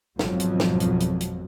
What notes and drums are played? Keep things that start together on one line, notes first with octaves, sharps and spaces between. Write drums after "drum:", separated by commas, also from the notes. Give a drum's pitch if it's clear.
G#1 F2 B2 F3 F#3, drum: snare
drum: hi-hat
drum: snare
drum: hi-hat
drum: hi-hat
drum: hi-hat